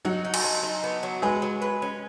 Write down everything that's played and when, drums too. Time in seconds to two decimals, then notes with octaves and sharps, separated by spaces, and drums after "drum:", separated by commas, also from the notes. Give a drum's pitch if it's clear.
0.05 F#3 D#4 F#4
0.25 D#4
0.34 drum: cymbal
0.44 D#4
0.63 D#4
0.84 B3
1.03 F#3
1.22 G#3 G#4 B4
1.42 F#3
1.62 B4
1.82 C#4